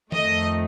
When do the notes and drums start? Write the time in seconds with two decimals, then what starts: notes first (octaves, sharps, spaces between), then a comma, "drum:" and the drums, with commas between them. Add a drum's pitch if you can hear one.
0.12 F2 D#3 A3 D#5, drum: tom D#3